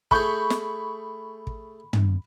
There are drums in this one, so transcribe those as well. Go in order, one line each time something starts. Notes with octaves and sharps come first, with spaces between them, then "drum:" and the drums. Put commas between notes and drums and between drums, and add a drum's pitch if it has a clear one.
A3 G#4 B5 C#6 G6, drum: kick
drum: snare
drum: kick
drum: tom